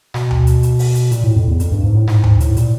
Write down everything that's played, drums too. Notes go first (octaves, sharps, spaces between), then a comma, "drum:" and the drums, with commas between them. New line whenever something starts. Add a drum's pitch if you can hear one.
B2, drum: snare
drum: tom D2
drum: hi-hat
drum: hi-hat
drum: open hi-hat
drum: hi-hat
A#2, drum: hi-hat
A2
F2
E2
F2, drum: hi-hat
G2
G#2
A2
G#2, drum: snare
G#2, drum: tom D2
A2, drum: hi-hat
A#2, drum: hi-hat